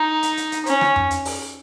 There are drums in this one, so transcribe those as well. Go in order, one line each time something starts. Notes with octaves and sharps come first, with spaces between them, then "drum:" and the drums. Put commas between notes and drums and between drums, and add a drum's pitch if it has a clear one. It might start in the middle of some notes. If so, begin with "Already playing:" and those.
Already playing: D#4
drum: hi-hat
drum: hi-hat
drum: hi-hat
C#4, drum: hi-hat
drum: rim click
drum: tom F2
drum: hi-hat
drum: open hi-hat